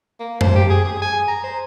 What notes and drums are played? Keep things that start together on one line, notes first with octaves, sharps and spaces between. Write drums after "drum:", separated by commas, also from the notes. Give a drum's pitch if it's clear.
A#3
C5, drum: tom F#2
G4
G#4
G#4
G#5
A#5
C5